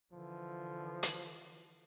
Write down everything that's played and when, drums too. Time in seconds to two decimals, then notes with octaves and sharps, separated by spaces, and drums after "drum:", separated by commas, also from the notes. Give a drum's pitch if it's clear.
0.13 D3 E3 F3
1.03 drum: hi-hat